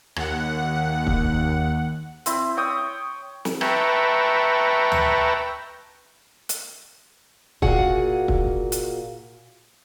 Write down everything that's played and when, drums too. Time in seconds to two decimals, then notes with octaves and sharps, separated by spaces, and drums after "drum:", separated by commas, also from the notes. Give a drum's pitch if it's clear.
0.16 D#2 F#5, drum: rim click
1.07 drum: kick
2.26 C4 E4, drum: hi-hat
2.57 C#5 G5 D#6
3.45 drum: snare
3.61 B4 E5 G5 A5 A#5 C#6, drum: rim click
4.92 drum: tom D2
6.49 drum: hi-hat
7.62 A#2 A#3 F#4 G#4 F#5, drum: kick
8.28 drum: kick
8.72 drum: hi-hat